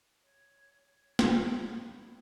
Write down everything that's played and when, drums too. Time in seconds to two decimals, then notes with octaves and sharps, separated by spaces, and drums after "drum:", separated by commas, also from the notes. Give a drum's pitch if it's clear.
0.22 C#5
0.78 C#5
1.19 drum: snare
1.39 D6
1.55 D#4
1.87 E4